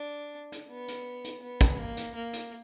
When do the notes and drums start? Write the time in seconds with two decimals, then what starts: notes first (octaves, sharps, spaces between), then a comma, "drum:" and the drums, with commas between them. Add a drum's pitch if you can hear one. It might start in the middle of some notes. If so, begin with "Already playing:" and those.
Already playing: D4
0.52 drum: hi-hat
0.70 B3
0.88 drum: hi-hat
1.25 drum: hi-hat
1.43 B3
1.61 drum: kick, hi-hat
1.79 A#3
1.97 drum: hi-hat
2.15 A#3
2.33 drum: hi-hat